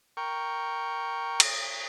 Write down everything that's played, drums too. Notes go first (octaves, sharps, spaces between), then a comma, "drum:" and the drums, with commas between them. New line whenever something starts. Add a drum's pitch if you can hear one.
A#4 G5 C#6
drum: cymbal